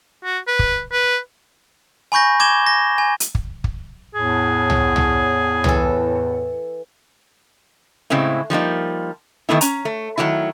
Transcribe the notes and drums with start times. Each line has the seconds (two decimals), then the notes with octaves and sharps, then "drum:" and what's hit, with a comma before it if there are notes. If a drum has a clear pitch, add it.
0.24 F#4
0.47 B4
0.59 drum: kick
0.92 B4
2.12 G#5 B5 C#6 G6 A#6
2.40 D6 G#6 E7 G7
2.67 A#6
2.98 G#5
3.20 drum: hi-hat
3.35 drum: kick
3.64 drum: kick
4.15 E2 A2 G#4
4.70 drum: tom
4.96 drum: tom
5.64 E3 A4, drum: tom
8.10 A2 C#3 G#3 C4 E4
8.50 F3 G3 A#3 D#4
9.49 D#3 A3 B3 E4
9.61 C#4 A#5, drum: hi-hat
9.85 A3
10.18 D#3 F#3 G3 A3 E4